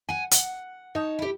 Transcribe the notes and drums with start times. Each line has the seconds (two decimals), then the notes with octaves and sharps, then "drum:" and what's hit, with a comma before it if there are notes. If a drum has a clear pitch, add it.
0.09 F#5 G#5
0.31 F#5, drum: hi-hat
0.95 D#4 C#5 A5
1.19 E4 G4